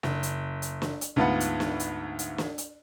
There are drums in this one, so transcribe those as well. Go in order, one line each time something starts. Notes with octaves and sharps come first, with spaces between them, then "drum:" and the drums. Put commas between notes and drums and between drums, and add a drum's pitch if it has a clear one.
F#1, drum: snare
drum: hi-hat
drum: hi-hat
drum: snare
drum: hi-hat
D2 G#2 B3 F4 B4 F#5
drum: hi-hat
drum: snare
drum: hi-hat
drum: hi-hat
drum: snare
drum: hi-hat